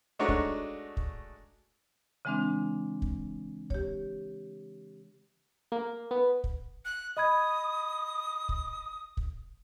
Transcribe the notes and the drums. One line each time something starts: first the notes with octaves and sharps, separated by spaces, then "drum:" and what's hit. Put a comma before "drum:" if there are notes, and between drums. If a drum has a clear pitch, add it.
G#3 A3 D4 D#4 F#4 C#5
drum: kick
drum: kick
C#3 E3 G#3 C4 D4
drum: kick
G4 C#5, drum: kick
A#3
B3
drum: kick
F#6
D#5 B5 D#6 G#6
drum: kick
drum: kick